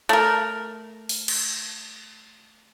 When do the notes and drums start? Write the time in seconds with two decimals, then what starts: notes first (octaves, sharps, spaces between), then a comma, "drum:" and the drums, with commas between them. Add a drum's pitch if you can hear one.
0.09 A3 A#4
1.09 drum: open hi-hat
1.28 drum: cymbal